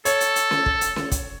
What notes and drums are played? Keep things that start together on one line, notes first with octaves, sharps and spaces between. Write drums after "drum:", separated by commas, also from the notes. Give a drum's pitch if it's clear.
A4 C#5, drum: hi-hat
drum: hi-hat
drum: hi-hat
drum: snare C#4
drum: kick
drum: hi-hat
drum: snare C#4
drum: kick, hi-hat